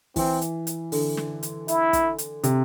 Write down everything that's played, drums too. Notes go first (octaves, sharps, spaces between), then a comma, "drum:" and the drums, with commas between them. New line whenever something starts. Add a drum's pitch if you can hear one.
E3 C4, drum: kick, open hi-hat
drum: hi-hat
drum: hi-hat
D3, drum: open hi-hat
drum: snare
drum: hi-hat
E4, drum: hi-hat
drum: kick, hi-hat
drum: hi-hat
C3, drum: hi-hat